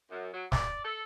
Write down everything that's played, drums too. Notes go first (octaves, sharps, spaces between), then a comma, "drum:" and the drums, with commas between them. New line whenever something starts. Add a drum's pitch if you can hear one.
F#2
F#3
D5, drum: snare
A4